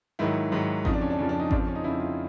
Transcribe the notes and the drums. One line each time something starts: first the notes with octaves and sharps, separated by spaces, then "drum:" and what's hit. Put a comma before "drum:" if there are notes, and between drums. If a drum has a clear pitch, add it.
G#2 D#3 F#3 E4
G#2 D#3 F#3
F2 C#3 F3 D#4, drum: kick G#1
D4
C#4
D4
F2 C#3 F3 C#4
D4
D#4
F2 C#3 F3 D4, drum: kick G#1
C4
C#4
D#4
F2 C#3 F3 E4
F4